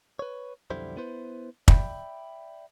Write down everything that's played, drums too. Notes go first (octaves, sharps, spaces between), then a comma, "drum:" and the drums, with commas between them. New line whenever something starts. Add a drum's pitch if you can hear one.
B4 C#5
B1 F2 D3 G3 E4 C5
B3 E4 B4 C5
D5 E5 G5 B5, drum: kick